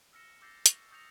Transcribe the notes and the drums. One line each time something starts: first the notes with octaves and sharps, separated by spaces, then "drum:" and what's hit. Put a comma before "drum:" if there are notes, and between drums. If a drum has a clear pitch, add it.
E6 F6 A#6 C#7 E7
D6 E6 G6 A6 A#6 C7
C#6 A#6, drum: hi-hat
C#6 D#6 G6 A#6 C#7 F7